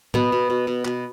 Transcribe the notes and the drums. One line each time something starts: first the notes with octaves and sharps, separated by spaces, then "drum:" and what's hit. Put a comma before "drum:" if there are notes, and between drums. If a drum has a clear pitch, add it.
B2 B3, drum: tom A2
B2
B2
B2
B2, drum: clap